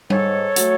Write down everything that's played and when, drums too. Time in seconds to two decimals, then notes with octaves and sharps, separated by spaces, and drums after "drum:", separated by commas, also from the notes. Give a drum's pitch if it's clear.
0.10 G#2 A4 C#5, drum: tom G3
0.56 F#3 A3, drum: hi-hat